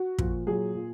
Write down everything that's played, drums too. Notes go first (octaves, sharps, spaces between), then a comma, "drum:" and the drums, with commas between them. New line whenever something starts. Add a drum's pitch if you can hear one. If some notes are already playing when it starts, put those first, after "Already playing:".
Already playing: F#4
A#2 F3, drum: kick
A#2 F#3 G#4
A#2